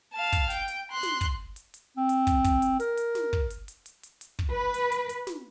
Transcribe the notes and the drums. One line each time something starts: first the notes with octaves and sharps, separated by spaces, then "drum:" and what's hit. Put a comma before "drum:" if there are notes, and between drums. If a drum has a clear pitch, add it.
F5 A5
drum: kick, hi-hat
G5, drum: hi-hat
drum: hi-hat
C6 F#6
drum: snare
drum: kick, hi-hat
drum: hi-hat
drum: hi-hat
C4
drum: hi-hat
drum: kick, hi-hat
drum: kick, hi-hat
drum: hi-hat
A#4, drum: hi-hat
drum: hi-hat
drum: snare
drum: kick
drum: hi-hat
drum: hi-hat
drum: hi-hat
drum: hi-hat
drum: hi-hat
drum: kick
B4
drum: hi-hat
drum: hi-hat
drum: hi-hat
drum: snare